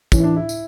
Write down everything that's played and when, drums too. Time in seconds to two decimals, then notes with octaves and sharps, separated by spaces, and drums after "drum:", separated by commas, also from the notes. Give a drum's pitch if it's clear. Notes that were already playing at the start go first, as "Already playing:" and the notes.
0.12 E3 C#4, drum: kick, tambourine
0.20 E4
0.24 D4
0.36 E4
0.49 drum: tambourine